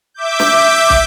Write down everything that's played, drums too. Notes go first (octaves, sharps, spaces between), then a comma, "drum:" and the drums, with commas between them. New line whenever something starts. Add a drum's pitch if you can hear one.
E5 D6 G6
drum: snare
drum: kick